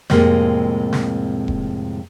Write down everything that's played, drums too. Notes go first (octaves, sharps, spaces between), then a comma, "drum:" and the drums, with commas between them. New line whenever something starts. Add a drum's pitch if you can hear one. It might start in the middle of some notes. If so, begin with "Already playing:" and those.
F2 A2 C3 G#3 A#3, drum: snare
drum: snare
drum: kick E1